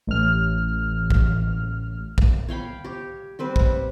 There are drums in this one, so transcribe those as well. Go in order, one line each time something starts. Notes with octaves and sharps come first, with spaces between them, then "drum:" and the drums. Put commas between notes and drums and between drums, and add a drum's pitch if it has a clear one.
A1 F6
drum: kick A#1
drum: kick A#1
C#5 F5 G5 B5
G4 C#5
G3 C4 B4
drum: kick A#1